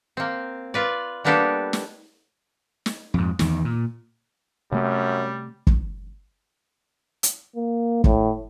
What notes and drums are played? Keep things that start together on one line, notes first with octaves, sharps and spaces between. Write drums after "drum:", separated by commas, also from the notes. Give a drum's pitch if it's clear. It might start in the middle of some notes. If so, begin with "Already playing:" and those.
A#3 C4
F4 B4 D5
G3 A#3 B3 D4 G4 A4
drum: snare
drum: snare
F2 G#2
E2 D#3, drum: snare
A#2
F#2 C3 G3 A3
drum: kick
drum: hi-hat
A#3
A2, drum: kick